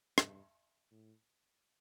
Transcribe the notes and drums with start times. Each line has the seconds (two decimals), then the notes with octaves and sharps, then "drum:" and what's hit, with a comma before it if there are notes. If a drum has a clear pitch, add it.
0.18 G2, drum: rim click
0.91 A2